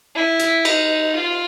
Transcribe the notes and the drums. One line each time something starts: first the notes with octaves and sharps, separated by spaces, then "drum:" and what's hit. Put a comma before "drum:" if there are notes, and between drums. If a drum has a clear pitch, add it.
E4
drum: hi-hat
D#4, drum: cymbal
F4